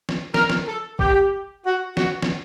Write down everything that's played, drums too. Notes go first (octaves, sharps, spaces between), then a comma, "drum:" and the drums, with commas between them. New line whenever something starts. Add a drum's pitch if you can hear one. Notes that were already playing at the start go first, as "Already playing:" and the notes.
drum: snare
A#4, drum: snare
drum: snare
A4
G4, drum: kick
F#4
F#4, drum: snare
drum: snare